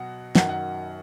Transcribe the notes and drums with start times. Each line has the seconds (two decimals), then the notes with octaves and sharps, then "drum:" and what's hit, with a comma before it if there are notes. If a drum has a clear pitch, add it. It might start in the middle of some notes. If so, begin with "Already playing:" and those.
Already playing: B2 F#3 F#5
0.35 F#2 D#3 F#3 F#5, drum: snare
0.49 F#5